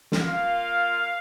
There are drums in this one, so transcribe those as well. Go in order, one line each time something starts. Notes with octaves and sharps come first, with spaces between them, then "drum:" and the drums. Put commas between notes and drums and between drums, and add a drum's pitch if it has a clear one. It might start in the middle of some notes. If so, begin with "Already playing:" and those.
drum: snare
A#3 F4 F5